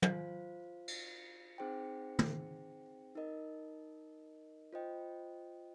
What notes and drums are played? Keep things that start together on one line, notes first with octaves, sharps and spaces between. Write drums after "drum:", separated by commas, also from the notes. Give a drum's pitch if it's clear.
F4 C5 F5, drum: tom
drum: cymbal
C4 D#4 G#4 C5 G5
drum: tom
D#4 A#4 D#5
F4 C5 D#5 G5